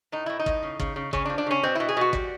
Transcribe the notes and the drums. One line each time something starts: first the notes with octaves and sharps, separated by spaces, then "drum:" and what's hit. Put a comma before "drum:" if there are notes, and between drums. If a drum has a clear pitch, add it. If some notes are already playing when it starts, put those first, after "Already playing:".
A2 D#4
A2 E4
D#4
A2, drum: kick
C#3
C#3, drum: kick
C#3
C#3 C#4, drum: kick
D4
F3
D4
C#3 C#4
B2 C4
B2 E4
G#4
B2 F#4
G3, drum: kick